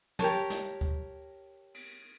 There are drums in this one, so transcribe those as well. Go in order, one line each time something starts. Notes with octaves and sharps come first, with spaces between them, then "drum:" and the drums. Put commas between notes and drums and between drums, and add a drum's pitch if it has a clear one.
G4 A#4 C#5 A5, drum: tom
drum: snare
drum: kick D2
drum: cymbal